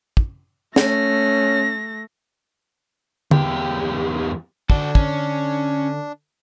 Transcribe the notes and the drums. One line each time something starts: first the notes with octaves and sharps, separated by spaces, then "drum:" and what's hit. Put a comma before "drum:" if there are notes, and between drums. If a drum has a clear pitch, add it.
drum: kick
A3 C#4 A#6, drum: snare
E2 G4, drum: tom D3
D3 D4 F#4 A4, drum: kick
C#4, drum: kick